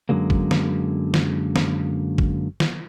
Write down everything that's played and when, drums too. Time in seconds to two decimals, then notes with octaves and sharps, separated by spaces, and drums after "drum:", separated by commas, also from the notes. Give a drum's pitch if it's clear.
0.09 F#2 A2 D3 F#3 G#3 A#3
0.30 drum: kick G#1
0.51 drum: snare
1.14 drum: snare
1.56 drum: snare
2.18 drum: kick G#1
2.60 drum: snare